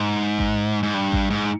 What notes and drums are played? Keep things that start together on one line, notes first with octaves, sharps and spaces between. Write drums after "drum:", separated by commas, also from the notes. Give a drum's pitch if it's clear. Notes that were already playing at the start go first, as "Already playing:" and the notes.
Already playing: G#2
drum: kick A1
G#2
G2
drum: kick A1
G#2